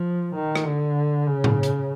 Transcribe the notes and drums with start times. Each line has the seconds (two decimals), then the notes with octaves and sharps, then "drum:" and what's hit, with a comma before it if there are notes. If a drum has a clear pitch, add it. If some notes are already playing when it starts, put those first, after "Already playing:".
Already playing: F3
0.36 D#3
0.55 drum: rim click
0.65 D3
1.26 C#3
1.44 drum: tom
1.63 drum: hi-hat